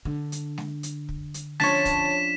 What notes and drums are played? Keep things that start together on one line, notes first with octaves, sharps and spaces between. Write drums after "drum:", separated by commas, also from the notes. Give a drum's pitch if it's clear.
D3
drum: hi-hat
drum: snare
drum: hi-hat
drum: kick
drum: hi-hat
F3 C#4 D4 C#5 A5 B6 E7, drum: snare
drum: kick, hi-hat